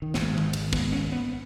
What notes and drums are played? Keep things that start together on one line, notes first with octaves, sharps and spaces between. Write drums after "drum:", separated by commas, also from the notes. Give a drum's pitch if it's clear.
D#3
G#1 G#2 E3, drum: snare
drum: tom D#3
drum: cymbal
B3, drum: kick
C#4
B3